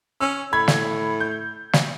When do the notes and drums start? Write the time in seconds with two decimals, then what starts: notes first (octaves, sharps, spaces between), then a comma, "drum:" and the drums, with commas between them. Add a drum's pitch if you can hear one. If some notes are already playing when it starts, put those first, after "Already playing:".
0.20 C#4 E6
0.53 A2 B5 G#6
0.68 drum: snare
1.20 G6
1.73 drum: snare